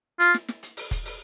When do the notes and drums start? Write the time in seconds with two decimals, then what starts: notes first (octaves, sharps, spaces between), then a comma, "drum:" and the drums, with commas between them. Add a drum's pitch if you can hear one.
0.20 F4, drum: hi-hat
0.34 drum: snare
0.48 drum: snare
0.63 drum: hi-hat
0.77 drum: open hi-hat
0.91 drum: kick, hi-hat
1.05 drum: open hi-hat